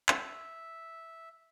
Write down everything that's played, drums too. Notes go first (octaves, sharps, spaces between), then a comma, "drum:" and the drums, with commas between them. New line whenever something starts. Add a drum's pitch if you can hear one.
E5, drum: clap